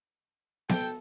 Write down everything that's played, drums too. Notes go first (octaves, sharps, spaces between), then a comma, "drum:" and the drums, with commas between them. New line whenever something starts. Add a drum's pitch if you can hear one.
A4 G5, drum: snare B3